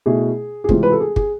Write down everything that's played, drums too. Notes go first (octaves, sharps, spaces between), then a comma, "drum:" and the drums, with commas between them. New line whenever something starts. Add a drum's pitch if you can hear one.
B2 A3 E4 G#4
G#4
C3 E3 G#3 C4 F4, drum: kick
B4
A4
G#4
G#4, drum: kick